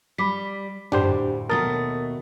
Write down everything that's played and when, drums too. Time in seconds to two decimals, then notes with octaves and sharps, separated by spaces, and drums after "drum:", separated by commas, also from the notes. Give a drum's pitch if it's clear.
0.18 G3 B5 D6 B6
0.92 D2 A2 D4 G4 C5, drum: tom F#2
1.49 D#2 B2 A3 A#4 A5 D#6 A6